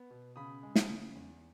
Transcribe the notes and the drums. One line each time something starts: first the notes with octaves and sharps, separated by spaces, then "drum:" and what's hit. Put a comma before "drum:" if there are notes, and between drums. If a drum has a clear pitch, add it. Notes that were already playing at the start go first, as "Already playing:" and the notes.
Already playing: B3
B2
C#3 B5 D#6
G#3
drum: snare
C#3
E2